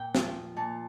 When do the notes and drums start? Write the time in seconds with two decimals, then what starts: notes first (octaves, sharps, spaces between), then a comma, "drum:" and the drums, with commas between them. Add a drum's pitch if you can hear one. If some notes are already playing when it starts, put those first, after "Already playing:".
Already playing: A#2 G5
0.15 F3, drum: snare
0.56 A#2 A5